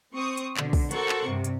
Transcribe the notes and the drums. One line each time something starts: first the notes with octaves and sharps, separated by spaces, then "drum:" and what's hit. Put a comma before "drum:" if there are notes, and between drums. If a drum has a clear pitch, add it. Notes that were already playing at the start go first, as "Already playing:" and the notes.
C4 C#6 D#6
drum: hi-hat
B2 D3, drum: clap
drum: kick, open hi-hat
F#4 A4 A#4 C5 F#5 C#6, drum: hi-hat
drum: clap
G2 C3
drum: hi-hat